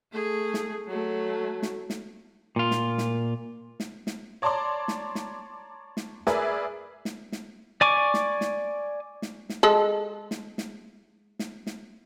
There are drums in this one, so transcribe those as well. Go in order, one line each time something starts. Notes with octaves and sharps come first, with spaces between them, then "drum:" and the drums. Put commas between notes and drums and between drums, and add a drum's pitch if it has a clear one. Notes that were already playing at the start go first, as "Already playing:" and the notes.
A3 G#4
drum: snare
F#3 A3
drum: snare
drum: snare
A#2 F4
drum: snare
drum: snare
drum: snare
drum: snare
C#5 D5 A5 A#5 C6 D6
drum: snare
drum: snare
drum: snare
G#4 A#4 B4 D5 E5, drum: snare
drum: snare
drum: snare
D5 G#5 C#6 D6
drum: snare
drum: snare
drum: snare
drum: snare
G#3 A4
drum: snare
drum: snare
drum: snare
drum: snare